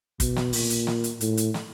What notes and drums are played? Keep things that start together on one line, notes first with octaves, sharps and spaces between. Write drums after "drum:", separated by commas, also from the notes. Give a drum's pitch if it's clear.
B2, drum: kick, hi-hat
drum: snare
A#2, drum: open hi-hat
drum: hi-hat
drum: snare
drum: hi-hat
A2, drum: hi-hat
drum: hi-hat
drum: snare